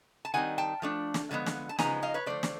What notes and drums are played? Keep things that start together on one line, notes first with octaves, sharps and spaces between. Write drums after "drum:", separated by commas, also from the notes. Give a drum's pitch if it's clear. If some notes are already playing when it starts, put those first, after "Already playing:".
A5
D#3 G3 C4 D#4 F#5 G#5
G5 A5
F3 A3 D4
drum: snare
D3 F3 G#3 B3
drum: snare
A5
C#3 F3 G#3 B3 D#4 G#5 A#5, drum: snare
D#5 F5
B4 C#5
D3 F3 A3 C5 D5
drum: snare